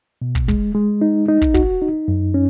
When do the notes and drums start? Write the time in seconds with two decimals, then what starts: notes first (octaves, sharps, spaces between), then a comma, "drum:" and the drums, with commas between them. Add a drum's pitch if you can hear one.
0.22 B2
0.35 drum: kick
0.48 G#3, drum: kick
0.75 G#3
1.01 D#4
1.29 D#4
1.41 drum: kick
1.54 F#4, drum: kick
1.82 D#4
2.08 F#2
2.34 C#4